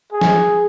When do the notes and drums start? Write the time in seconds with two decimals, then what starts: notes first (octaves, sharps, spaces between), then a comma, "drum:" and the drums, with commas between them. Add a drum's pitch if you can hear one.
0.12 G#4
0.21 drum: snare